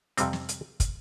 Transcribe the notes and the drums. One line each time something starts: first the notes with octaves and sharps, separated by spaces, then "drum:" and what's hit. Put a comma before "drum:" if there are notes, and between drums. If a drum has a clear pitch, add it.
F2 C3 G3 C4, drum: hi-hat
drum: snare
drum: hi-hat
drum: kick, hi-hat